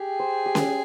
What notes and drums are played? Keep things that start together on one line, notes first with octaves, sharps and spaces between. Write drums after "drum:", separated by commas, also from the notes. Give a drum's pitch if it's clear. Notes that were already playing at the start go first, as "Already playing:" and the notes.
Already playing: G4 G#4
C5
G4
drum: snare C#4